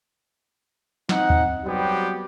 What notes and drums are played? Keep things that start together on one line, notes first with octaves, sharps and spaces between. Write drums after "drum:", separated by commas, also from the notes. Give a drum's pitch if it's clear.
C4 D#4 F#5, drum: snare
drum: kick
F#3 G3 B3 C4 G4